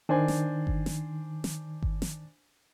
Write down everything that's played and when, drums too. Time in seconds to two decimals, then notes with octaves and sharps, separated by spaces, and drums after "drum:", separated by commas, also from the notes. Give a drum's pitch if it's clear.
0.09 D#3 D4 C5 G#5
0.28 drum: snare
0.67 drum: kick G1
0.86 drum: snare
1.44 drum: snare
1.82 drum: kick G1
2.02 drum: snare